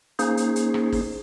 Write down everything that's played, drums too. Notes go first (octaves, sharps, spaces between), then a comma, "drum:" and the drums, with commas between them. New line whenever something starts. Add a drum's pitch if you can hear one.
A#3 C#4 D#4 G#4 C5, drum: hi-hat
drum: hi-hat
drum: hi-hat
drum: rim click
drum: kick, open hi-hat